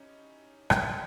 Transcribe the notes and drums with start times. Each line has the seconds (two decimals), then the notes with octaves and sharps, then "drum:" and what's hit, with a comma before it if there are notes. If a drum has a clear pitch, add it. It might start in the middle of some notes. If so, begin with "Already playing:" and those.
Already playing: C#4 D#4 E4 G4
0.70 A#3, drum: rim click